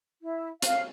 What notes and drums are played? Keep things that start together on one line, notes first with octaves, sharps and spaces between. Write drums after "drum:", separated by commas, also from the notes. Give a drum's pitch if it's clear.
E4
F5, drum: hi-hat